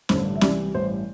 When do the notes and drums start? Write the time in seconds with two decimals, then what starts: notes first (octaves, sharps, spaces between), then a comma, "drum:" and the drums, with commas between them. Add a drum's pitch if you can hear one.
0.09 A1 G2 D3 C5, drum: snare
0.36 E5
0.41 C2 C3 E3 G3 D5, drum: snare
0.74 A1 G2 E3 C5